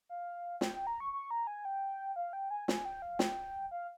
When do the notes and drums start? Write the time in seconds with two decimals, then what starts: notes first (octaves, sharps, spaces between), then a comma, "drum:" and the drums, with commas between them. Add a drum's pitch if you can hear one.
0.09 F5
0.61 G5, drum: snare
0.75 G5
0.87 A#5
1.00 C#6
1.13 C#6
1.31 A#5
1.47 G#5
1.65 G5
2.16 F5
2.33 G5
2.51 G#5
2.68 G#5, drum: snare
2.85 G5
3.02 F5
3.19 G5, drum: snare
3.71 F5